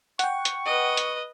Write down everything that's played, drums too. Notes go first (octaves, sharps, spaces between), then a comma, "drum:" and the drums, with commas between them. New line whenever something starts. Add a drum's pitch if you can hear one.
F#5 G5 C#6, drum: hi-hat
drum: hi-hat
B4 D#5
drum: hi-hat